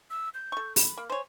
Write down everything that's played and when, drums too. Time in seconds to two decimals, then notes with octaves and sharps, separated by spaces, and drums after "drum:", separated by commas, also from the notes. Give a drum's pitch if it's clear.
0.11 E6
0.34 G6
0.52 A4 C#6
0.76 B5, drum: open hi-hat
0.97 A#3
1.10 C5 C#5 G#5